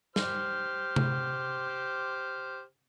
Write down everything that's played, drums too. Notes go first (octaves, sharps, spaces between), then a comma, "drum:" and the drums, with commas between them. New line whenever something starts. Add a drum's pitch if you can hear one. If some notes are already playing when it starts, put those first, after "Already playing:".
G4 C5 F6, drum: snare
drum: tom C3